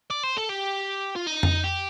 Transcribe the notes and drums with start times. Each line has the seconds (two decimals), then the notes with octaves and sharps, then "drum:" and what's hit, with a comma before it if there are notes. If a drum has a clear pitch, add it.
0.10 D5
0.23 C5
0.37 A4
0.49 G4
1.15 F4
1.26 D#4
1.43 drum: tom F2
1.64 G4